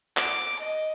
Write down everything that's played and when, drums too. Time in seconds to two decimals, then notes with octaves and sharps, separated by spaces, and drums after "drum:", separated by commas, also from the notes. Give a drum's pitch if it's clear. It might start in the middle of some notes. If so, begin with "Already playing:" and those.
0.17 D6, drum: clap
0.59 D#5